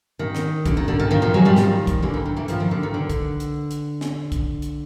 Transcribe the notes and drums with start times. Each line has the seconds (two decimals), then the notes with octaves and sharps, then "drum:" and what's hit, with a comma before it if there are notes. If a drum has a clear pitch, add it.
0.19 D#3
0.35 drum: snare
0.66 D3, drum: kick, hi-hat
0.77 D#3
0.88 D3
1.00 D#3
1.11 D#3 F3
1.22 D#3 F3
1.34 F#3 G#3
1.45 F3 G3
1.56 D#3 F3, drum: snare
1.87 drum: kick, hi-hat
2.02 D3 E3
2.14 D#3
2.25 D#3
2.37 D3 E3
2.48 D#3 F3, drum: hi-hat
2.60 D#3
2.71 D3
2.83 D#3
2.94 D3
3.10 drum: kick, hi-hat
3.40 drum: hi-hat
3.71 drum: hi-hat
4.01 drum: snare
4.32 drum: kick, hi-hat
4.62 drum: hi-hat